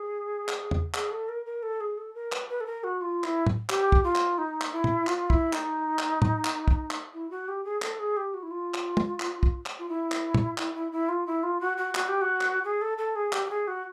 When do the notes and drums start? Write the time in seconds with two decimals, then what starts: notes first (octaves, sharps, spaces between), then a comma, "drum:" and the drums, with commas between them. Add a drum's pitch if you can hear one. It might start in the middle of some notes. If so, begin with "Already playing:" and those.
Already playing: G#4
0.48 drum: clap
0.71 drum: tom
0.94 G#4, drum: clap
1.11 A4
1.29 A#4
1.46 A#4
1.63 A4
1.81 G#4
1.97 A4
2.15 A#4
2.32 B4, drum: clap
2.49 B4
2.61 A4
2.67 A#4
2.84 F#4
3.01 F4
3.24 E4, drum: clap
3.47 drum: tom
3.69 G4, drum: clap
3.92 drum: kick
4.04 F4
4.15 drum: clap
4.38 D#4
4.61 drum: clap
4.72 E4
4.84 drum: tom
5.07 F4, drum: clap
5.30 E4, drum: kick
5.53 D#4, drum: clap
5.99 drum: clap
6.22 drum: tom
6.45 drum: clap
6.68 drum: kick
6.91 drum: clap
7.14 E4
7.31 F#4
7.48 G4
7.65 G#4
7.82 A4, drum: clap
7.99 G#4
8.17 G4
8.34 F#4
8.43 E4
8.51 F4
8.74 drum: clap
8.97 drum: tom
9.20 drum: clap
9.43 drum: kick
9.66 drum: clap
9.79 F4
9.89 E4
10.12 drum: clap
10.34 drum: tom
10.58 E4, drum: clap
10.75 E4
10.92 E4
11.09 F4
11.27 E4
11.43 F4
11.61 F#4
11.77 F#4
11.95 F#4, drum: clap
12.08 G4
12.21 F#4
12.41 drum: clap
12.64 G#4
12.81 A4
12.98 A4
13.16 G#4
13.33 G4, drum: clap
13.46 G4
13.50 G#4
13.67 F#4